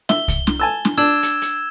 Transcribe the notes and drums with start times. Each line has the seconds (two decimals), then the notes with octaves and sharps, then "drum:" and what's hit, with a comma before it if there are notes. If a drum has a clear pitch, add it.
0.09 E5 G7, drum: snare
0.28 drum: kick C2, hi-hat
0.47 drum: snare
0.59 G#5 A5 E6
0.85 drum: snare
0.98 D4 E6 G#6 E7
1.23 drum: hi-hat
1.42 drum: hi-hat